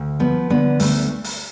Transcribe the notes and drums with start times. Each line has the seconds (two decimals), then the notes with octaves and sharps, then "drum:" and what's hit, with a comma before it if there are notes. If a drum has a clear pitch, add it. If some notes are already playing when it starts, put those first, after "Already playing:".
Already playing: D2
0.20 F3 B3
0.50 D3 B3
0.80 D2 A3, drum: open hi-hat
1.24 drum: open hi-hat